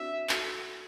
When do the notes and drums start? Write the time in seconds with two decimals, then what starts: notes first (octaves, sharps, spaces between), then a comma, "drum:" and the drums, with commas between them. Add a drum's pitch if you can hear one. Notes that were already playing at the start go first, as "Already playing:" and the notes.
Already playing: C4 D4 E4 F#4 E5
0.29 F#4 A4, drum: clap